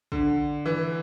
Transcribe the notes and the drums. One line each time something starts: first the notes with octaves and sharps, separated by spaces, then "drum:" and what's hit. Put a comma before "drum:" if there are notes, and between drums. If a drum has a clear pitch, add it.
D3, drum: kick
E3